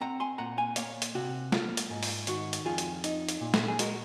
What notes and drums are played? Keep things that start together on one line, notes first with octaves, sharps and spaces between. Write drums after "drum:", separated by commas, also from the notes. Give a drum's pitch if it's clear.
C4 F#5 A#5
G#5 C6
A#2 F#5 A#5
F5 G#5
A#3 C#5 F5, drum: hi-hat
drum: hi-hat
C3 F#4
A#3 F4, drum: snare
drum: hi-hat
G#2
drum: open hi-hat
D#3 F#4, drum: hi-hat
drum: hi-hat
F2 F4 G#4
drum: hi-hat
D#4, drum: hi-hat
drum: hi-hat
A#2
drum: snare
G#4
G#3 F#4 A#4, drum: hi-hat